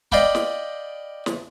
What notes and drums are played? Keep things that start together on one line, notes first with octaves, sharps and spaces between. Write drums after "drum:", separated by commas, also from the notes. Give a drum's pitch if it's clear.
D5 D#5 F5 G5 B5 D6, drum: kick
drum: snare
drum: snare